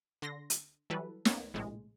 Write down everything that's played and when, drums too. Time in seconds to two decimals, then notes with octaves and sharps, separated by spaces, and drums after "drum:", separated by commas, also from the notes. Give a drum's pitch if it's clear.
0.22 D3 C6 A#6
0.50 drum: hi-hat
0.90 E3 F#3 G3 A4 B4
1.25 A#3 B3 C#4, drum: snare
1.54 A#1 A2 C3 G#3